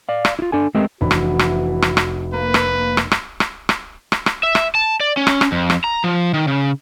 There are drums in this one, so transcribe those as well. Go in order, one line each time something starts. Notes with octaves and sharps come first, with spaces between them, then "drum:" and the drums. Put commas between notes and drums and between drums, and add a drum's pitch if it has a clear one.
D5 F5
drum: rim click
E4 F4
D4 A4 G#5
G#3 A3 C4 G4 A#4 D#5
F1 E3 D4 F#4 B5
drum: rim click
drum: rim click
drum: rim click
drum: rim click
A#3 B4
drum: rim click
drum: rim click
drum: rim click
drum: rim click
drum: rim click
drum: rim click
drum: rim click
E5
drum: rim click
A5
D5
C#4
drum: rim click
drum: rim click
F2
drum: rim click
A#5
F3
D#3
C#3